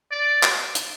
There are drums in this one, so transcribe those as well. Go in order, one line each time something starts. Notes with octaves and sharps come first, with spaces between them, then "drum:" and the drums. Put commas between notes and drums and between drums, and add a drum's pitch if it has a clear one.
D5
drum: clap
drum: hi-hat